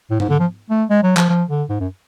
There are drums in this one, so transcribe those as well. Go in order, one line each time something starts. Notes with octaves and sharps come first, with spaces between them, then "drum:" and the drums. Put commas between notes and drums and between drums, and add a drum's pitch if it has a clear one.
A2
G#2, drum: tom G#2
D3
F3
A3
G#3
F#3
F3, drum: clap
F3
D3
G#2
F#2